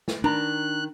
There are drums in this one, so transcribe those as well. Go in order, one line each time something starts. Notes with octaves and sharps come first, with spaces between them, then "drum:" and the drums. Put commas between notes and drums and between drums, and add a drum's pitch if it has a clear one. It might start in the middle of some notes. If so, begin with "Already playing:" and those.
drum: snare
D#3 D4 A#5 F#6